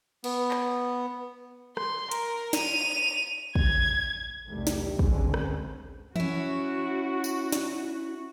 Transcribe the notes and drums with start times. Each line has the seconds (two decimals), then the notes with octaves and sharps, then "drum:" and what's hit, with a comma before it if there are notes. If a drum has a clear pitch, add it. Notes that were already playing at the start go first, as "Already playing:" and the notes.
0.24 B3, drum: cymbal
0.51 drum: clap
1.77 C6, drum: rim click
2.11 A#4, drum: hi-hat
2.53 D#7 F7, drum: snare
3.55 G#6, drum: kick
4.48 B1 E2 C3 D#3 G3 A3
4.67 drum: snare
4.99 D2 G2 D3 G#3 C4 C#4, drum: kick
5.34 drum: rim click
6.16 C#4 E4 F#4, drum: tom E3
7.24 drum: tambourine
7.52 drum: snare